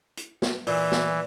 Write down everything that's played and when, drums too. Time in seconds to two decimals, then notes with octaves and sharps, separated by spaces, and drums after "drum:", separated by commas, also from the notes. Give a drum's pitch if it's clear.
0.17 drum: hi-hat
0.42 drum: snare
0.67 A#2 E3, drum: open hi-hat
0.92 drum: snare